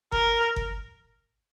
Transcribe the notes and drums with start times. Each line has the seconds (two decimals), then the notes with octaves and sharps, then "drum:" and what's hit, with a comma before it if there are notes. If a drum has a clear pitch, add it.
0.12 A#4, drum: kick G1
0.56 drum: kick G1